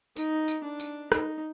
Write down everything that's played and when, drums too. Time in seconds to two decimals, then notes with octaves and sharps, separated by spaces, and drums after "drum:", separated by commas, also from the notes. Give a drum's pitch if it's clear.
0.17 D#4, drum: tambourine
0.48 drum: tambourine
0.64 D4
0.80 drum: tambourine
1.12 D#4, drum: rim click